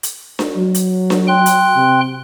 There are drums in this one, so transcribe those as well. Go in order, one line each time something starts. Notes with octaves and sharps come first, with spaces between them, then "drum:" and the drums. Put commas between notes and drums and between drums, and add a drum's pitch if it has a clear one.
drum: hi-hat
drum: snare D4
F#3
drum: hi-hat
drum: snare D4
G5 C6 F#6
drum: hi-hat
C3